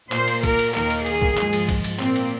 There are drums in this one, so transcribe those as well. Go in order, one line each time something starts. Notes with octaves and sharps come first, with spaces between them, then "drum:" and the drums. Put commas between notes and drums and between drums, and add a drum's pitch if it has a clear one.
A#2 A#3 C5, drum: clap
drum: cymbal
A#4, drum: kick, cymbal
drum: cymbal
D#2 D#3 A#3 A#4, drum: clap
drum: cymbal
G#4, drum: cymbal
drum: kick
G#2 F3 G#3, drum: clap
drum: cymbal
drum: kick, cymbal
drum: cymbal
A#2 A#3 C4, drum: clap
drum: cymbal